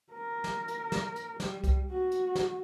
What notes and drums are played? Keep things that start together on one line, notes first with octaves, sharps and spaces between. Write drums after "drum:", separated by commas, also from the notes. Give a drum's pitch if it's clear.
A#4
drum: snare
drum: hi-hat
drum: snare
drum: hi-hat
G3, drum: snare
drum: kick C2, hi-hat
F#4
drum: hi-hat
drum: snare